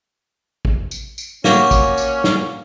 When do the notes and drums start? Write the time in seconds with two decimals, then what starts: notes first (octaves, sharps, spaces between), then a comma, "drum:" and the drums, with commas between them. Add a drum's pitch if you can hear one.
0.65 drum: kick
0.91 drum: tambourine
1.18 drum: tambourine
1.44 A#3 C#4 F#4 G4, drum: snare
1.71 drum: kick, tambourine
1.98 drum: tambourine
2.24 drum: snare